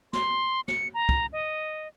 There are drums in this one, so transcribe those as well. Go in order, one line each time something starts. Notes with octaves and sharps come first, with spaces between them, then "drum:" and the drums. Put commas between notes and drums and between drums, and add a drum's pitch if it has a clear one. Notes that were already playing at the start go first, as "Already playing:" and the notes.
C6, drum: snare
C#7, drum: snare
A#5
drum: kick
D#5